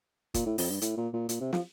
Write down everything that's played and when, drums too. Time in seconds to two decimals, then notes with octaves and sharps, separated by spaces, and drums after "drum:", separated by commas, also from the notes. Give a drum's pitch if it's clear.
0.34 A#2, drum: kick, hi-hat
0.46 A2
0.58 F2, drum: open hi-hat
0.70 G2
0.82 A2, drum: hi-hat
0.97 A#2
1.13 A#2
1.29 A#2, drum: hi-hat
1.40 C3
1.53 F3, drum: snare